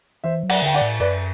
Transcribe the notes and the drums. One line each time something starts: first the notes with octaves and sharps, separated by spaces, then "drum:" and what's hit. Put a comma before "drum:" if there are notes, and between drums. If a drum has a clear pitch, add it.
E3 C5 E5
F#3
D5 F#5, drum: cymbal
D3 G5
D5 F#5
A2
F#2 B4 D5